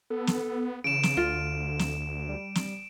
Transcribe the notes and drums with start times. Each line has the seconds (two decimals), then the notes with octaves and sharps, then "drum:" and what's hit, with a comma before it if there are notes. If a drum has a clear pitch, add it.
0.10 B3 A4
0.27 drum: snare
0.84 C#3 E3 D7 E7
1.03 drum: snare
1.17 D2 D3 F4
1.79 drum: snare
2.29 G3
2.55 drum: snare